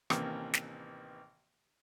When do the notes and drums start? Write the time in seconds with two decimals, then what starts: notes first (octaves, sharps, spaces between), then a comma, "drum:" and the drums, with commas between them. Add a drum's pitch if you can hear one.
0.10 A1 C3 D#3 E3 A#3, drum: rim click
0.54 drum: snare